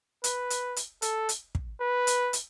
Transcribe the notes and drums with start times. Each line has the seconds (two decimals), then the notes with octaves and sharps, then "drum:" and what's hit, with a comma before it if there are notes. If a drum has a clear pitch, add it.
0.24 B4, drum: hi-hat
0.50 drum: hi-hat
0.76 drum: hi-hat
1.02 A4, drum: hi-hat
1.29 drum: hi-hat
1.55 drum: kick
1.81 B4
2.07 drum: hi-hat
2.33 drum: hi-hat